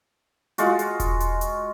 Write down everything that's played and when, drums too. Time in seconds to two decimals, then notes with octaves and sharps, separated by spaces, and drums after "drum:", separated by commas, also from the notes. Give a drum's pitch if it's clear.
0.58 G#3 F4 F#4, drum: hi-hat
0.79 drum: hi-hat
1.00 drum: kick E1, hi-hat
1.20 drum: hi-hat
1.41 drum: hi-hat